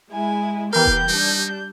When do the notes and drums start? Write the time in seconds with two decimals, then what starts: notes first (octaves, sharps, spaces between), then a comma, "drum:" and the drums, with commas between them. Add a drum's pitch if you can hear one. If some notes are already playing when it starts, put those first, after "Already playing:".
0.12 G#3 E4 G#5
0.73 E3 B3 G4 A#4 F5 G6
0.86 drum: kick E1
1.09 G3 D4 D#4